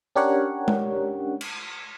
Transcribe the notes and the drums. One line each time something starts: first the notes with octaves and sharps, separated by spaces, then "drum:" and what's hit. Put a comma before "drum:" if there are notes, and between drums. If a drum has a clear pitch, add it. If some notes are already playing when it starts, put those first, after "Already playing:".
C#4 D4 G4 A#4 C#5 F#5
drum: tom G#3
drum: cymbal